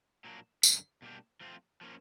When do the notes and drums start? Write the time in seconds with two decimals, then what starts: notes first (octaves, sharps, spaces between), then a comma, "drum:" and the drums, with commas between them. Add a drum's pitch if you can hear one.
0.24 A#2 F#3 A#3 D4
0.63 F#2 D3 G#3, drum: tambourine
1.02 B2 G3 A#3 D4 G4
1.41 F3 A3 C4 F4
1.81 F3 A#3 C#4